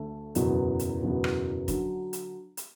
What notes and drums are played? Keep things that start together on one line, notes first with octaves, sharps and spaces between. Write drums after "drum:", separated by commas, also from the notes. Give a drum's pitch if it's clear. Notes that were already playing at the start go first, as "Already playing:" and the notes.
Already playing: D2 D3 A3
F#1 E2 B2 F#3 B3, drum: hi-hat
drum: hi-hat
F#1 E2 B2 F#3 B3
drum: rim click
D3 F#3, drum: kick, hi-hat
drum: hi-hat
drum: hi-hat